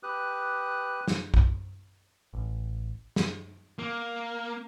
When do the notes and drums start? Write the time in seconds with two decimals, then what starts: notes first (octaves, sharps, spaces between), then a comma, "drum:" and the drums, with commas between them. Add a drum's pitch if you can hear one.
0.03 G4 B4 D#6 F#6
1.08 drum: snare
1.34 drum: kick
2.33 A1
3.16 drum: snare
3.79 A#3